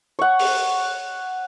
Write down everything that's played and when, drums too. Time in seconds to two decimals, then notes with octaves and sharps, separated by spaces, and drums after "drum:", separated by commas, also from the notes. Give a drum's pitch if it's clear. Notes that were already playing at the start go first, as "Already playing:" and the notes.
0.19 C#5 F#5
0.39 drum: open hi-hat